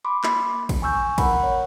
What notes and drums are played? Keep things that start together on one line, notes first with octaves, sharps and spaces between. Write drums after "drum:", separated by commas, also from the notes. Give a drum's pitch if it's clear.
B5 C6 D6
A#3 B5, drum: clap
drum: kick, cymbal
G#5 C#6 E6 G6
A#4 F#5 B5, drum: kick, cymbal
C#5